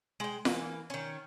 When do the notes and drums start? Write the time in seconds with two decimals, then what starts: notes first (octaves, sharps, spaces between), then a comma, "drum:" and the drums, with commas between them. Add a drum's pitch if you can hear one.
0.20 G#3 G5
0.45 E3 A#3, drum: snare F4
0.90 D#3 C#4